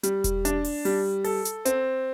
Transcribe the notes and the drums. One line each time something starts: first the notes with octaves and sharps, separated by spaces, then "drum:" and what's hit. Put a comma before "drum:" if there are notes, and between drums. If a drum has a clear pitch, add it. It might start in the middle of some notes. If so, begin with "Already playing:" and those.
G3, drum: hi-hat
drum: kick E1, hi-hat
D4, drum: hi-hat
drum: open hi-hat
G3, drum: open hi-hat
A4, drum: open hi-hat
drum: hi-hat
C4, drum: hi-hat